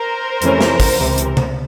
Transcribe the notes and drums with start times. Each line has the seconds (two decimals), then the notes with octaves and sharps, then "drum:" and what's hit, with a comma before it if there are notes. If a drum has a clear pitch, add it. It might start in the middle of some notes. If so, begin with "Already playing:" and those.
Already playing: A#4 C5
0.42 F2 C3 E3 A3 C#4, drum: hi-hat
0.61 drum: snare
0.80 drum: kick, open hi-hat
0.99 C#2 C3 E3
1.18 drum: hi-hat
1.37 drum: tom C3